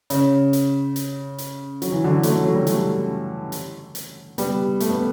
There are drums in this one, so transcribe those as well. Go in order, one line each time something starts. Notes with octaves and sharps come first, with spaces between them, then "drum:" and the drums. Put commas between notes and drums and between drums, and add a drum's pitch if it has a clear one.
C#3, drum: hi-hat
drum: hi-hat
drum: hi-hat
drum: hi-hat
F#3, drum: hi-hat
E3
D3 F#3
F#3 A3, drum: hi-hat
F#3
G3
F#3 A3, drum: hi-hat
drum: hi-hat
drum: hi-hat
G3 B3, drum: hi-hat
A3, drum: hi-hat
B3